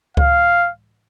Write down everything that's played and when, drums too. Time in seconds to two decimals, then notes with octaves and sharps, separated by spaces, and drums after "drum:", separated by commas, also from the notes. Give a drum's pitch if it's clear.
0.17 F5, drum: kick C#2